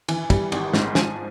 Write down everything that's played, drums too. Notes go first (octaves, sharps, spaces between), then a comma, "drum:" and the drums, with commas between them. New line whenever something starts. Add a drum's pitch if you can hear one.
E3, drum: cymbal
G3, drum: kick, cymbal
G#1, drum: cymbal
G#2, drum: snare
F3 G#5, drum: snare